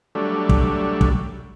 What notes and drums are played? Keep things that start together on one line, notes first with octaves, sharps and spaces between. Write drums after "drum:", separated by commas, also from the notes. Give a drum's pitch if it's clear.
F#3 G3 A3 D4
drum: kick
drum: kick